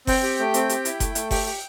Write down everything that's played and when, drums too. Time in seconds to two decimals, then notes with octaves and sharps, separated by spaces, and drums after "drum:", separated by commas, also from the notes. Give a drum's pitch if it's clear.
0.07 C4 G5, drum: kick F#1, open hi-hat
0.23 G4
0.39 A3
0.54 C4, drum: hi-hat
0.69 G4, drum: hi-hat
0.85 E4, drum: hi-hat
1.00 A3, drum: kick F#1, hi-hat
1.15 A3, drum: hi-hat
1.31 G4 G5, drum: kick F#1, open hi-hat
1.46 G4